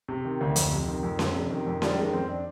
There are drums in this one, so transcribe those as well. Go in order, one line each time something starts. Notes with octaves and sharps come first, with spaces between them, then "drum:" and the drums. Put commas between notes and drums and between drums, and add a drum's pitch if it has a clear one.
C3
D#3
D2
F2, drum: hi-hat
C3
D#3
F2
F2, drum: snare C#4
C3
D#3
F2
D#3 G3, drum: snare C#4
D#3 G#3
F2 C4
D4